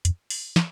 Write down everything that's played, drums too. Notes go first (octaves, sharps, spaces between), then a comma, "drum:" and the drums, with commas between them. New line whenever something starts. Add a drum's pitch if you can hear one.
F2, drum: hi-hat
drum: open hi-hat
drum: snare